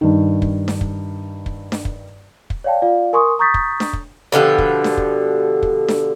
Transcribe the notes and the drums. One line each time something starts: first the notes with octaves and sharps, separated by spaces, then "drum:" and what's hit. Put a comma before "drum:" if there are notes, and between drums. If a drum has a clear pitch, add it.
G2 D#3
drum: kick
drum: snare D4
drum: kick
drum: kick
drum: snare D4
drum: kick
drum: kick
C#5 D5 F5 G5 A5
F4 D5 F5
A#4 G#5 C6 C#6 D#6
A#5 C#6 D#6 G6 A6 B6
drum: kick
drum: snare D4
drum: kick
B2 D3 F3 G4
drum: kick
drum: snare D4
drum: kick
drum: kick
drum: snare D4